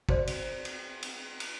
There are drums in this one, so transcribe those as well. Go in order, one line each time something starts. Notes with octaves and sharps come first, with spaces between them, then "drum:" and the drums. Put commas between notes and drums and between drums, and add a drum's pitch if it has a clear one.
F#4 C5 D5, drum: kick
drum: cymbal
drum: cymbal
drum: cymbal
drum: cymbal